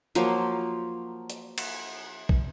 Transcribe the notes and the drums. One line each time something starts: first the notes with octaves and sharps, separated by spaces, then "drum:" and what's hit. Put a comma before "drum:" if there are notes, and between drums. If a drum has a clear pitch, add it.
F3 F#3 A#3 C5, drum: hi-hat
drum: hi-hat
drum: cymbal
drum: kick